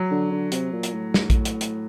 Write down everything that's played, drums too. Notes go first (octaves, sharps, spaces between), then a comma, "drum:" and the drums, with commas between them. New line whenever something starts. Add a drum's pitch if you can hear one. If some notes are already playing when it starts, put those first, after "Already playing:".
Already playing: F#3
D3
D3
C3, drum: hi-hat
A#2
drum: hi-hat
A2
drum: snare
drum: kick A#1, hi-hat
drum: hi-hat
drum: hi-hat